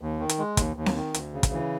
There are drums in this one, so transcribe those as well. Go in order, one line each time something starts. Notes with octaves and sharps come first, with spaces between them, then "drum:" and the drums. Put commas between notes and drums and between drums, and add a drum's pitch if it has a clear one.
D#2
D#3
drum: hi-hat
G#3
D#2, drum: kick, hi-hat
D#2
drum: snare C4
D#3
D2, drum: hi-hat
C#3
drum: kick, hi-hat
E3